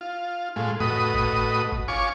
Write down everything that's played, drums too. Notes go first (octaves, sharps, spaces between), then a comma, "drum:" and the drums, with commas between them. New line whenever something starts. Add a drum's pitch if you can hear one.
F4
A2 G#3 F4
A2 F#4 B4 D#5 D#6, drum: tom F2
drum: kick G1
drum: kick G1
F4 C#5 G#5 C#6 D6